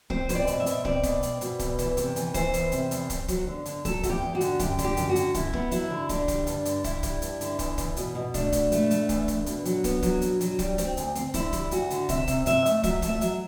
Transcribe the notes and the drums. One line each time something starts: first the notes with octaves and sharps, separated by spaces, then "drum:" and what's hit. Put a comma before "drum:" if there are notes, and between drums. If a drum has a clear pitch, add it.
C4 C5, drum: kick
C4 C5, drum: kick, hi-hat
D5
B2, drum: hi-hat
E5
B2, drum: hi-hat
C4 D5, drum: kick
B2, drum: kick, hi-hat
C4, drum: hi-hat
B2, drum: hi-hat
E2, drum: kick, hi-hat
E3, drum: kick, hi-hat
C3, drum: hi-hat
E3, drum: hi-hat
E3 C5, drum: kick, hi-hat
E2, drum: kick, hi-hat
C3, drum: hi-hat
E2, drum: hi-hat
E2, drum: kick, hi-hat
F#3, drum: kick, hi-hat
D3
D3, drum: hi-hat
F#3 A4, drum: kick, hi-hat
E2 F#4, drum: kick, hi-hat
G4
E2
F#4
D3, drum: hi-hat
F#2 G4, drum: kick, hi-hat
D3, drum: kick, hi-hat
G4
F#2, drum: hi-hat
F#4
D3, drum: hi-hat
F#2 E4, drum: kick, hi-hat
B3, drum: kick
F#3 E4, drum: hi-hat
D3
D3 D4, drum: kick, hi-hat
G3, drum: kick, hi-hat
G2, drum: hi-hat
D3, drum: hi-hat
G2 E4, drum: kick, hi-hat
G3, drum: kick, hi-hat
G2, drum: hi-hat
D3, drum: hi-hat
E2, drum: kick, hi-hat
E2, drum: kick, hi-hat
B2, drum: hi-hat
B2
A3 D4, drum: kick, hi-hat
B2, drum: kick, hi-hat
A3, drum: hi-hat
A3, drum: hi-hat
E2, drum: kick, hi-hat
E2, drum: kick, hi-hat
B2, drum: hi-hat
F#3, drum: hi-hat
B3, drum: kick, hi-hat
F#3, drum: kick, hi-hat
B2, drum: hi-hat
F#3, drum: hi-hat
G3, drum: kick, hi-hat
C4, drum: kick, hi-hat
D2, drum: hi-hat
C4, drum: hi-hat
D3 E4, drum: kick, hi-hat
G3, drum: kick, hi-hat
D2 F#4, drum: hi-hat
D3, drum: hi-hat
C3 E5, drum: kick, hi-hat
C3, drum: kick, hi-hat
C3 E5, drum: hi-hat
A3, drum: hi-hat
F#3 E5, drum: kick, hi-hat
A3, drum: kick, hi-hat
E5
F#3, drum: hi-hat